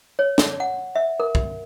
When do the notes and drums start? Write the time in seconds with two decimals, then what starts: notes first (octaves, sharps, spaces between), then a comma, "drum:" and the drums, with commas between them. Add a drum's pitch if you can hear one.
0.19 C#5
0.38 drum: snare
0.60 F#5
0.95 E5
1.20 A#4
1.35 drum: kick C2